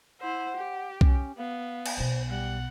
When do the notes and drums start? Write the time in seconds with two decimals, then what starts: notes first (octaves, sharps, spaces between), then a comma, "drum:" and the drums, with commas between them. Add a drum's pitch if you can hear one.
0.21 E4 C5 F#5
0.56 G4
1.01 C#4, drum: kick B1
1.38 B3 F5
1.86 drum: cymbal
1.97 B1 B2 C5
2.29 G3 F#5